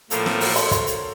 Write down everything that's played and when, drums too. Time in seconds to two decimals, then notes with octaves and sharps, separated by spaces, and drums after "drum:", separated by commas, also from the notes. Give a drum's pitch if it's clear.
0.10 A2 F3 A#3 A4, drum: hi-hat
0.26 A4, drum: snare
0.41 F#4 A#4, drum: open hi-hat
0.56 A4 C5, drum: hi-hat
0.67 C#5
0.71 A4 C5, drum: kick, hi-hat
0.87 drum: hi-hat